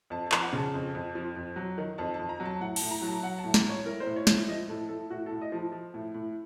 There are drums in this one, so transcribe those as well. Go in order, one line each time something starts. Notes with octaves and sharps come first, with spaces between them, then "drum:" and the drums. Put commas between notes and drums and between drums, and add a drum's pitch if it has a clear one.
F2 A5
A5
F3, drum: clap
F#5
C#3 A5
F2
F2
F3
F2
F#3
D#3
F2 A5
A5
F2
A#5
F#3
A5
A2 F#5
A5, drum: cymbal
A2
A#5
F#3
A5
F#3 F#5
A5
A2
A#5, drum: snare
A2 C#5
A2 A#4
C5
A2
C#5
F3, drum: snare
F3 D#5
A2 A4
A2 A4
A2 F#4
A2 A4
D#5
F3 A5
F3
A2
A2